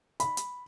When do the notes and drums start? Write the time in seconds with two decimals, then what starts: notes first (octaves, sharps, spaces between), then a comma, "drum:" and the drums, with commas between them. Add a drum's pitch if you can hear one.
0.20 B5, drum: hi-hat
0.37 drum: hi-hat